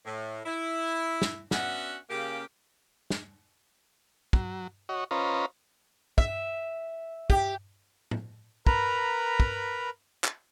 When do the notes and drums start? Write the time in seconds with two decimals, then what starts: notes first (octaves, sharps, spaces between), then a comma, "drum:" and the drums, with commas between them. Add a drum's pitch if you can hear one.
0.06 A2
0.46 E4
1.22 drum: snare
1.51 B3 C#4 D4 F#4 E5 F#5, drum: snare
2.10 C#3 A#3 G4
3.10 drum: snare
4.33 F#3, drum: kick
4.89 F#4 C#5 D#5
5.11 C#4 F4 B4 C5 D#5 A#5
6.18 E5, drum: kick
7.30 G4, drum: kick
8.11 drum: tom A2
8.67 A#4 B4 A#5 B5, drum: kick
9.40 drum: kick
10.24 drum: clap